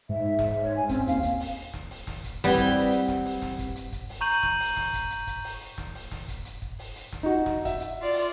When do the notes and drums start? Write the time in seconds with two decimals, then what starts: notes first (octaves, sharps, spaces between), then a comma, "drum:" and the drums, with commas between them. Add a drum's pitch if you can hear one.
0.09 G#2 E5
0.39 drum: snare
0.62 C#5
0.76 G#5
0.89 C4 C#4, drum: kick, hi-hat
1.07 D#2 F5, drum: hi-hat
1.23 drum: kick, hi-hat
1.40 drum: open hi-hat
1.73 drum: snare
1.90 drum: open hi-hat
2.07 drum: snare
2.24 drum: kick, hi-hat
2.44 G3 B3 C4 E4 B4 G5
2.58 drum: kick, hi-hat
2.75 drum: open hi-hat
2.91 drum: hi-hat
3.08 drum: snare
3.25 drum: open hi-hat
3.42 drum: snare
3.59 drum: kick, hi-hat
3.76 drum: hi-hat
3.92 drum: kick, hi-hat
4.09 drum: open hi-hat
4.21 A#5 C#6 G6 D#7 F#7
4.43 drum: snare
4.60 drum: open hi-hat
4.77 drum: snare
4.93 drum: kick, hi-hat
5.10 drum: hi-hat
5.27 drum: kick, hi-hat
5.44 drum: open hi-hat
5.61 drum: hi-hat
5.78 drum: snare
5.95 drum: open hi-hat
6.11 drum: snare
6.28 drum: kick, hi-hat
6.45 drum: hi-hat
6.62 drum: kick
6.79 drum: open hi-hat
6.96 drum: hi-hat
7.12 drum: snare
7.23 D#4 F#4
7.46 drum: snare
7.65 E5, drum: kick, hi-hat
7.80 drum: hi-hat
8.01 F4 D5
8.13 drum: open hi-hat